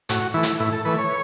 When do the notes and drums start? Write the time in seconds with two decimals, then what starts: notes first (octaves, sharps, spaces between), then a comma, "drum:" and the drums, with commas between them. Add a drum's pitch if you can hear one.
0.09 A2 F#4, drum: hi-hat
0.34 E3 A3 E4
0.43 drum: hi-hat
0.60 A2 E4
0.73 A4
0.85 E3 A3 B4
0.98 C#5